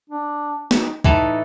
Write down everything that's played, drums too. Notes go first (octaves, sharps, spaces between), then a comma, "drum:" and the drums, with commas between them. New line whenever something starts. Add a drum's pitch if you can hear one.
D4
D#4, drum: snare
A2 E3 D#4 A4, drum: kick